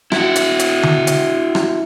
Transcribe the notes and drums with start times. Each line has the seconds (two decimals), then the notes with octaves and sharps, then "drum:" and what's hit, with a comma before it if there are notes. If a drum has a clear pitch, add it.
0.12 E4 F#4, drum: rim click
0.36 drum: hi-hat
0.59 drum: hi-hat
0.83 drum: tom D3
1.07 drum: hi-hat
1.55 drum: rim click